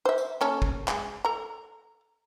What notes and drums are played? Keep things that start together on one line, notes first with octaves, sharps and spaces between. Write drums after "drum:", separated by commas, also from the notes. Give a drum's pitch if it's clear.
C5 E5
drum: tambourine
A#3 C#4 A4
drum: kick
G#3, drum: clap
A4 A#5